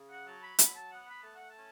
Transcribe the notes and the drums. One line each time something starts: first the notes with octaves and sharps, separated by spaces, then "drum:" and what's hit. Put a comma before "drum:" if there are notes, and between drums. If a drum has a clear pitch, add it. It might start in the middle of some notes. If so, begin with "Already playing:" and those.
Already playing: C#3
F#5
F#3 A5
B5
F#3 B5, drum: hi-hat
A5
B3 F#5
B5
A3 A5
F#5
A5
C#4